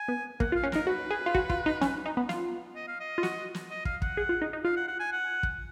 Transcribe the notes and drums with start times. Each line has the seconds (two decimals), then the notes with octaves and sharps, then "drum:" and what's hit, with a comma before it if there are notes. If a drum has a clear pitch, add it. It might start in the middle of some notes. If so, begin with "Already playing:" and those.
Already playing: G#5
0.08 B3
0.40 A#3 F#5, drum: kick
0.52 F4
0.56 F5
0.63 C#4
0.72 D#4 A#4, drum: snare
0.87 F#4 B4
1.11 G#4
1.26 F4
1.35 F#4, drum: kick
1.50 F4, drum: kick
1.66 D#4
1.81 C#4, drum: snare
2.06 D#4
2.17 B3
2.29 F4, drum: snare
2.76 D#5
2.88 F5
3.00 D#5
3.18 F4
3.23 F#4, drum: snare
3.55 drum: snare
3.71 D#5
3.85 F5, drum: kick
4.02 F#5, drum: kick
4.17 G#4
4.29 F4
4.42 D#4
4.53 D#4
4.64 F4 F5
4.76 F#5
4.88 F#5
5.00 G#5
5.12 F#5
5.43 drum: kick